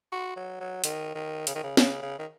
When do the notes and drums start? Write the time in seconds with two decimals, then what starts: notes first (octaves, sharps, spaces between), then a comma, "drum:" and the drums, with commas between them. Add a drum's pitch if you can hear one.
0.12 F#4
0.36 F#3
0.60 F#3
0.84 D#3, drum: hi-hat
1.15 D#3
1.47 C#3, drum: hi-hat
1.55 D#3
1.63 C#3
1.77 C#3, drum: snare
2.02 C#3
2.18 D#3